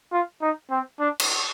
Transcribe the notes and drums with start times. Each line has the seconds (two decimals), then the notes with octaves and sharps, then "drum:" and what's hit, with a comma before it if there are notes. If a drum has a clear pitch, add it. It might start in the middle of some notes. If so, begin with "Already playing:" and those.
0.12 F4
0.42 D#4
0.71 C4
1.00 D4
1.20 drum: cymbal